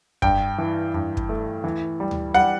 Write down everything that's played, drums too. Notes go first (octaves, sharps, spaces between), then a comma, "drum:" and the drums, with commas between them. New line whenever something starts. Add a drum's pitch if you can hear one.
G2 G5, drum: kick
E3
G2
drum: kick
A3
E3
G3
drum: tom D2
G3 F#5